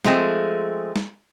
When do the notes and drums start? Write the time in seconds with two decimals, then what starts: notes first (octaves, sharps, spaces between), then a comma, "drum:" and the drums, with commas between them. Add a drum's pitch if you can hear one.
0.05 F3 G#3 A3 C4 G#4, drum: snare
0.96 drum: snare